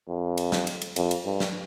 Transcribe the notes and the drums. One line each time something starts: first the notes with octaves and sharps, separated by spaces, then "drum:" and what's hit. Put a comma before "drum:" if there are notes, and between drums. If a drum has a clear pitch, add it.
F2
drum: cymbal
drum: snare
drum: cymbal
drum: cymbal
F2, drum: cymbal
drum: cymbal
G2
drum: snare